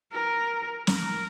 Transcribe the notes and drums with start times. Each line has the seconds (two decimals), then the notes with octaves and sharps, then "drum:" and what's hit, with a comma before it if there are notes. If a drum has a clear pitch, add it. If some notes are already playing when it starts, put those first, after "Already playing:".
0.12 A#4
0.87 A#4, drum: snare